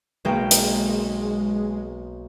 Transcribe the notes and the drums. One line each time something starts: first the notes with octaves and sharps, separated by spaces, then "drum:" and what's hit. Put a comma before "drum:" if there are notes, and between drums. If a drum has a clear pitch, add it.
B1 G#3 A#3 G5
drum: hi-hat